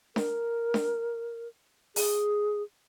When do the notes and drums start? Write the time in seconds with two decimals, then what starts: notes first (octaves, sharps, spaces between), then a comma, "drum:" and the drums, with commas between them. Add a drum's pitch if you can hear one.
0.16 A#4, drum: snare D4
0.74 drum: snare D4
1.96 G#4, drum: open hi-hat